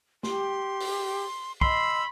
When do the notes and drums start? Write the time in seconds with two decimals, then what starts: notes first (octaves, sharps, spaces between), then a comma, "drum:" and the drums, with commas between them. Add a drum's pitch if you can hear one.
0.23 G4 C6, drum: snare
0.80 drum: open hi-hat
1.61 D#5 B5 C6 E6, drum: kick